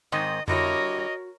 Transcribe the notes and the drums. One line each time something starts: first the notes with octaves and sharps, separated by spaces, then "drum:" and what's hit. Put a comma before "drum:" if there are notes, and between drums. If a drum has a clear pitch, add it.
G#2 D#3 C4 D#5
D3 G3 E4 F#4 A#4 C#5 D#5, drum: tom F2